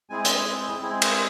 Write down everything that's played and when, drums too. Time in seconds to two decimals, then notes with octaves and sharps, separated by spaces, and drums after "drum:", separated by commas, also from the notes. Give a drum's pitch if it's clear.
0.10 G#3 C4 E4 G#4 G#5
0.25 drum: hi-hat
0.82 G#3 C4 E4 G#4
1.02 drum: cymbal